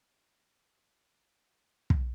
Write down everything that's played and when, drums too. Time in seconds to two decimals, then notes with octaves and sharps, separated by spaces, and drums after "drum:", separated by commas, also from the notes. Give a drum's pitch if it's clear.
0.50 E2 D3
1.90 drum: kick